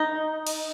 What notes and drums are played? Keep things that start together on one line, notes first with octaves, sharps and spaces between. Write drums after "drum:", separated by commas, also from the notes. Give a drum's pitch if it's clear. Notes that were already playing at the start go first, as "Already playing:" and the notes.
Already playing: D#4
drum: cymbal